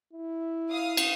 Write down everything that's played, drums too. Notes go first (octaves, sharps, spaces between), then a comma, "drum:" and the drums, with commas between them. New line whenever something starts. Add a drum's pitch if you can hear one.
E4
F5 D#6
drum: cymbal